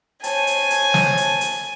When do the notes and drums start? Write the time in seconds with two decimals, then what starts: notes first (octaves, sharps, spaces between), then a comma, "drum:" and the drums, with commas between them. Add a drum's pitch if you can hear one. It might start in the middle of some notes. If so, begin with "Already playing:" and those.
0.24 C5 C#5 G#5 A5, drum: hi-hat
0.47 drum: hi-hat
0.70 drum: hi-hat
0.94 drum: snare
1.17 drum: hi-hat
1.41 drum: hi-hat